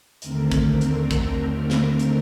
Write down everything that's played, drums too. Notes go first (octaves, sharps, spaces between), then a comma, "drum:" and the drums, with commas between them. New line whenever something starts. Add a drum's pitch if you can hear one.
D#2 D3 A3 C4 A#4, drum: hi-hat
drum: kick, hi-hat
drum: hi-hat
drum: kick, hi-hat
drum: snare
drum: hi-hat